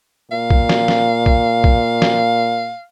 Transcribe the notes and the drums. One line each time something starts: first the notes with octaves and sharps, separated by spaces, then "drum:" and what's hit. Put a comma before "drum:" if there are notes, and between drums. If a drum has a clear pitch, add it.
A#2 F5
drum: kick
drum: snare
drum: snare
drum: kick
drum: kick
drum: snare